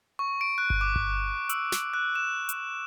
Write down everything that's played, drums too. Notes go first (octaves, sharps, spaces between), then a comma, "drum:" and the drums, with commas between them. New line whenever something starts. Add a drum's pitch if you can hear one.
C#6
D7
F#6
drum: kick G1
D6
drum: kick G1
E6, drum: hi-hat
drum: snare
F#6
E7
drum: hi-hat